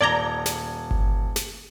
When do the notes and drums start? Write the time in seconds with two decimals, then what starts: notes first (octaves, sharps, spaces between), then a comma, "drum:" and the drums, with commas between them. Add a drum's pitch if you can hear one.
0.01 D#1 D5 A#5 G#6 G7
0.46 drum: snare
0.91 drum: kick G1
1.36 drum: snare